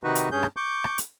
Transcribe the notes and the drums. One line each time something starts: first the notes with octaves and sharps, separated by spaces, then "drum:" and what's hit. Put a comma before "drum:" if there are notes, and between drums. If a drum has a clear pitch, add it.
C3 D#3 D#4 F#4 B4
drum: hi-hat
G2 C#4 G#4 G6
drum: rim click
C#6 D6 G6
drum: rim click
drum: hi-hat